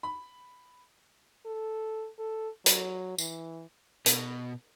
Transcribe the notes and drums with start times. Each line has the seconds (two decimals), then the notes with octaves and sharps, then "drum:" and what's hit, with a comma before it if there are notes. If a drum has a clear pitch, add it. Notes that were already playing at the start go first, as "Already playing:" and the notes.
0.03 B5
1.46 A4
2.19 A4
2.66 F#3, drum: hi-hat
3.18 E3, drum: tambourine
4.06 B2, drum: hi-hat